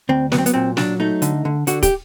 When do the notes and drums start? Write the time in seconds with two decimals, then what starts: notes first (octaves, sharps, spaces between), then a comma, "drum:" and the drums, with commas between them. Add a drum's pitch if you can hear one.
0.09 D2 C4
0.32 F#3 B3, drum: snare
0.38 C4
0.46 B3, drum: hi-hat
0.54 A#2 C4
0.77 F#3 D4, drum: snare
1.00 A3 D#4
1.22 D3, drum: hi-hat
1.45 D3
1.67 D3 F#4, drum: hi-hat
1.83 G4, drum: kick, hi-hat